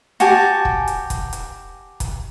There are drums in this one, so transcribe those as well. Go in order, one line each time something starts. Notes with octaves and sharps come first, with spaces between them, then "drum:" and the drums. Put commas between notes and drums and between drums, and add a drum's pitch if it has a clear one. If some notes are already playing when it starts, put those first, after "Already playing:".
F#4 G4 G#5 A5, drum: hi-hat
drum: kick
drum: hi-hat
drum: kick, hi-hat
drum: hi-hat
drum: kick, hi-hat